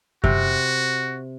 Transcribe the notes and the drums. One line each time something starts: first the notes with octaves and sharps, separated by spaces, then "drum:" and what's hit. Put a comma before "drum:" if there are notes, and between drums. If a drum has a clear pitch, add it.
C3 F#4, drum: kick F#2